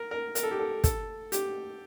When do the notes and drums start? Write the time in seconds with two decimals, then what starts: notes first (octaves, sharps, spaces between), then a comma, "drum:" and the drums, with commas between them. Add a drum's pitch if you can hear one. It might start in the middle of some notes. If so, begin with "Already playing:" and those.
Already playing: A#4
0.11 A#4
0.35 A#4, drum: hi-hat
0.43 A4
0.51 G4
0.59 A4
0.84 A4, drum: kick, hi-hat
1.32 G4, drum: hi-hat